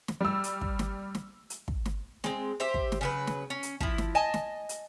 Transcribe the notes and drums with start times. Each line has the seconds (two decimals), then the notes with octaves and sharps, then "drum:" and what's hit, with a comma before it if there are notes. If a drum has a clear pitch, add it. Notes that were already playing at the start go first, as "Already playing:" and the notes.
0.08 drum: snare
0.21 G3 E6
0.44 drum: hi-hat
0.61 drum: kick
0.79 drum: snare
1.15 drum: snare
1.50 drum: hi-hat
1.68 drum: kick
1.85 drum: snare
2.24 G#3 C4, drum: snare
2.60 G4 C5 E5
2.74 drum: kick
2.92 drum: snare
3.01 C#3 F#3 B4
3.27 drum: snare
3.50 C#4
3.63 drum: hi-hat
3.80 F3 E4, drum: kick
3.98 drum: snare
4.15 D#5 G#5 A5
4.34 drum: snare
4.69 drum: hi-hat